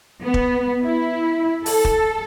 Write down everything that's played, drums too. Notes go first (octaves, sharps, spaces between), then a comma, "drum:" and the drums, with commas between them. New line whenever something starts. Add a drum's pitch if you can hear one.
B3
drum: kick
E4
A4, drum: open hi-hat
drum: kick